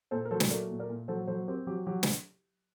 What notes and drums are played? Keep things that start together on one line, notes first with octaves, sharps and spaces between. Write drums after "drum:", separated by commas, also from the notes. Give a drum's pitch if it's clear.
A#2 A4 C5
A#4
F#3 A4 C5
drum: snare
A3 A#4 D5
A#2
A#4 D5
A#2
F#3 A4 C5
F#3 A4 C5
C4 G4 A#4
F#3 G4
F#3 G4
drum: snare